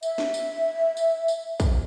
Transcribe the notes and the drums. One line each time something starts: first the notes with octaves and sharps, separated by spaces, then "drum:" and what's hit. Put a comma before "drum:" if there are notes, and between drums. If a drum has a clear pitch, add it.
E5, drum: tambourine
drum: snare
drum: tambourine
drum: tambourine
drum: tambourine
drum: kick, tambourine